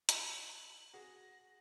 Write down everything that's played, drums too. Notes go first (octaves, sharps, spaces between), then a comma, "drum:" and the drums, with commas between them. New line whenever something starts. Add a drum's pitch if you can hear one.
F#7, drum: hi-hat
F#4 G#4 A#6